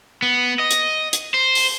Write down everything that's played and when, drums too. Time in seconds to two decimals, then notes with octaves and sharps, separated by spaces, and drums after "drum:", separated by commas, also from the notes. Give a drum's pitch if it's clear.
0.22 B3
0.59 D#5
0.71 drum: hi-hat
1.13 drum: hi-hat
1.34 C5
1.55 drum: open hi-hat